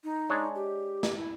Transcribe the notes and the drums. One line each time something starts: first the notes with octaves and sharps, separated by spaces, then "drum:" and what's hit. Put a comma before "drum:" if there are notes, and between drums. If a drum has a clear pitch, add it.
D#4
G#3 D4 C#5
G4
drum: snare
E4